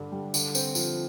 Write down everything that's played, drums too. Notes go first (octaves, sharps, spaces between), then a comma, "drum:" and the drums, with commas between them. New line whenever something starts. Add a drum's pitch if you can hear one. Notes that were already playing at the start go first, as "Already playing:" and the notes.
Already playing: G2 D3 D4
G3
D3, drum: tambourine
C4, drum: tambourine
F3, drum: tambourine